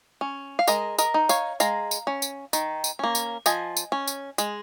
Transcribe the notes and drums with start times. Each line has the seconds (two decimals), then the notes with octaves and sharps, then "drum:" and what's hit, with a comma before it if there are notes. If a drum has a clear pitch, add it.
0.21 C#4
0.59 F5
0.67 G#3 A#4 D#5, drum: tambourine
0.98 A#4 D#5, drum: tambourine
1.14 D#4
1.29 C#5 F5, drum: tambourine
1.60 G#3 F5 A#5, drum: tambourine
1.91 drum: tambourine
2.07 C#4
2.22 drum: tambourine
2.53 D#3, drum: tambourine
2.84 drum: tambourine
2.99 A#3 C#4
3.15 drum: tambourine
3.46 F3 D#5 G#5, drum: tambourine
3.77 drum: tambourine
3.92 C#4
4.07 drum: tambourine
4.38 G#3, drum: tambourine